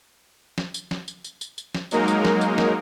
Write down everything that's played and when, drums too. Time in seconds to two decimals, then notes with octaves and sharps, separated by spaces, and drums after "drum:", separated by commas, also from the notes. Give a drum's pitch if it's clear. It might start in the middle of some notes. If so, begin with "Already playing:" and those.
0.58 drum: snare
0.74 drum: tambourine
0.91 drum: snare
1.08 drum: tambourine
1.24 drum: tambourine
1.41 drum: tambourine
1.58 drum: tambourine
1.75 drum: snare
1.91 F#3 G#3 A#3 D#4 A#4, drum: tambourine
2.08 drum: tambourine
2.25 drum: snare
2.41 drum: tambourine
2.58 drum: snare